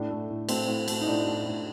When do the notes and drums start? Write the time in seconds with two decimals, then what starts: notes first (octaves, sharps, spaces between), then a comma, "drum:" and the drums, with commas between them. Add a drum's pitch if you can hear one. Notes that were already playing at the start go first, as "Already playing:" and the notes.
Already playing: A2 D4
0.10 A3
0.30 A2
0.49 A3 C4, drum: cymbal
0.68 A2
0.88 A3, drum: cymbal
1.01 D#4
1.06 A2 D4
1.26 A3
1.45 A2